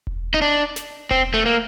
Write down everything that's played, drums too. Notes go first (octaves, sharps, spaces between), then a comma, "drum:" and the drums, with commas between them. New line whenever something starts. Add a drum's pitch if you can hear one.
drum: kick E1
D#4
D4
drum: snare
C4, drum: kick E1
A3
A#3